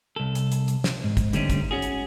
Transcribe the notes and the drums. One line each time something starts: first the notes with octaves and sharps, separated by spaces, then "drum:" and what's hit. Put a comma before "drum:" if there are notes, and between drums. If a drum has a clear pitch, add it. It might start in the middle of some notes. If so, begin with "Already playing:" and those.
C2 A4
drum: hi-hat
drum: hi-hat
drum: hi-hat
drum: snare
G#2
drum: kick, hi-hat
D3 G3 A3 C4 C#4 D#4, drum: hi-hat
drum: kick, hi-hat
C#4 F#4 G#4
drum: hi-hat